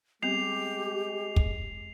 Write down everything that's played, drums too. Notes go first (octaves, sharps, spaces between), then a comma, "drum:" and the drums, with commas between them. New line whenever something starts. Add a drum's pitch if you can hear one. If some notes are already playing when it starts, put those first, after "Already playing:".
G3 G#3 B3 C4 G4 C7 F7
drum: kick